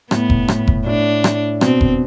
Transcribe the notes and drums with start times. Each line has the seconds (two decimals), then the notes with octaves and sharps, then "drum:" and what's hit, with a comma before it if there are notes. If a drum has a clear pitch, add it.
0.11 A2 B3, drum: rim click
0.30 drum: kick F1
0.48 A2, drum: rim click
0.67 drum: kick F1
0.86 A2 D4
1.24 drum: rim click
1.61 B2 C4, drum: rim click
1.81 drum: kick F1